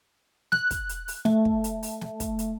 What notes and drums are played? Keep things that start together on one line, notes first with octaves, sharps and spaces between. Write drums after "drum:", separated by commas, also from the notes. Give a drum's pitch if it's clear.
F#6, drum: snare
drum: kick, hi-hat
drum: hi-hat
drum: open hi-hat
A3, drum: snare
drum: kick
drum: hi-hat
drum: open hi-hat
drum: snare
drum: kick, hi-hat
drum: hi-hat